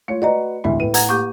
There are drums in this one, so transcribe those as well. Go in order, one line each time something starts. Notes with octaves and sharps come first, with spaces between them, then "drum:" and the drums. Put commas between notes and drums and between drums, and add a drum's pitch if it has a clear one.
A3 F4 C#5 C#7
F#4 B4 D5 D#5 A#5
E1 A1 D2 E4 E5
A2 B4 D#7
F#5 A#5 G#6, drum: hi-hat
A#3 G4 C#6 G6